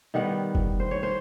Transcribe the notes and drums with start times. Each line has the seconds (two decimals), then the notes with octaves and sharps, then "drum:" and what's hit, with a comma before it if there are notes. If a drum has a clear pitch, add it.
0.14 D#3 G3 B3 F#5
0.55 drum: kick F#1
0.80 C5
0.91 C#5
1.03 C5